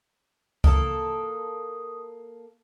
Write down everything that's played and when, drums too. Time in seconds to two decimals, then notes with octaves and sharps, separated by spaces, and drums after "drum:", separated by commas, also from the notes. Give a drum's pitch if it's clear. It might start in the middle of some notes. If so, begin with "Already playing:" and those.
0.64 A#3 A4 D#6, drum: kick C#2